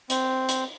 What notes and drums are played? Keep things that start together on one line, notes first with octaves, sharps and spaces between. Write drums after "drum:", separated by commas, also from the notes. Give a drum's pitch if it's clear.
C4, drum: hi-hat
drum: hi-hat